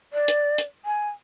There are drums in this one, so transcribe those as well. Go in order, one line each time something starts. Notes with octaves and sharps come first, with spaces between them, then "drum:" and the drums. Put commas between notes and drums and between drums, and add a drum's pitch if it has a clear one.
D5
drum: hi-hat
drum: hi-hat
G#5